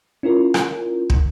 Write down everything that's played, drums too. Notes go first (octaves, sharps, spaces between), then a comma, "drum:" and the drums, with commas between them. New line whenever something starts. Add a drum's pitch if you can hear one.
C#4 E4 F4 A#4
drum: rim click
drum: kick